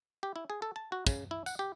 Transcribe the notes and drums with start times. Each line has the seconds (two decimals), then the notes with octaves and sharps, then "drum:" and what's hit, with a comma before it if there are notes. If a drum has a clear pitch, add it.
0.23 G4
0.36 E4
0.50 G#4
0.62 A4
0.76 A5
0.92 F#4
1.07 C#3, drum: kick, tambourine
1.31 E4
1.46 F#5, drum: tambourine
1.59 G4